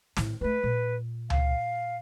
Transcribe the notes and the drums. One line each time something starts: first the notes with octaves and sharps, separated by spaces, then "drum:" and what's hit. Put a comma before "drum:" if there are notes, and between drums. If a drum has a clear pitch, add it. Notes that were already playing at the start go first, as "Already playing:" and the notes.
A2 D#3, drum: snare
G#3 A3 B4
A#2
F5, drum: tom C#2